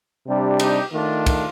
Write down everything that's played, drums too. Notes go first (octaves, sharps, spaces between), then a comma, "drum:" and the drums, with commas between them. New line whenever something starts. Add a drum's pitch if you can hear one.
C3 G3 D4
D#4 G4, drum: cymbal
D#3 A3 D4 F4
drum: kick, cymbal